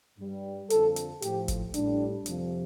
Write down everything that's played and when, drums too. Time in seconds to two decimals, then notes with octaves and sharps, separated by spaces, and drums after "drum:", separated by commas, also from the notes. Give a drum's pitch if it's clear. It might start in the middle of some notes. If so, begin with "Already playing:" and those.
0.19 G2 G3
0.70 F2 D3 F3 A4, drum: hi-hat
0.96 drum: hi-hat
1.22 A2 F3 G4, drum: hi-hat
1.48 drum: kick G#1, hi-hat
1.74 A2 G3 D4, drum: hi-hat
2.26 F2 C3 F3, drum: hi-hat